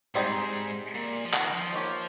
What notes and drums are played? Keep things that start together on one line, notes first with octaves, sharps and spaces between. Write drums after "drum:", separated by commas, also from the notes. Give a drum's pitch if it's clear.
G#2 G3 C4 D#4 G#4
A#2
F3
D#3, drum: clap
F3
A#3 D#4 G4 C#5